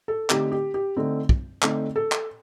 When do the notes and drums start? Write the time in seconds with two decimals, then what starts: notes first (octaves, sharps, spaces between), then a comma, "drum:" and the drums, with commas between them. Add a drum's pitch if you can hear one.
0.08 A4
0.30 D3 A3 C4 D#4 G4, drum: clap
0.52 G4
0.74 G4
0.97 D3 A3 C4 D#4
1.29 drum: kick
1.62 D3 A3 C4 D#4, drum: clap
1.96 A4
2.12 drum: clap